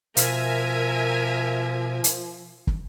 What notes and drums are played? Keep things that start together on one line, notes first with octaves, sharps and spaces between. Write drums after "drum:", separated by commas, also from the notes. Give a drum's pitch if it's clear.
B2 F3 A#4 E5 G#5, drum: hi-hat
drum: hi-hat
drum: kick